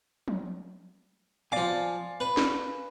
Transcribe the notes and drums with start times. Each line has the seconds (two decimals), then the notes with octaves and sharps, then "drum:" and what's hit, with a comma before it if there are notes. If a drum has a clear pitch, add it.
0.28 drum: tom F3
1.52 F3 D5 F5 G#5 D6
2.20 B4
2.37 drum: snare